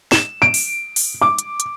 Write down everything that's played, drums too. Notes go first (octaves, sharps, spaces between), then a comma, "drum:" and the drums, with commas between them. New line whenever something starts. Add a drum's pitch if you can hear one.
E7, drum: snare
D7
drum: open hi-hat
drum: open hi-hat
D6
drum: hi-hat
drum: hi-hat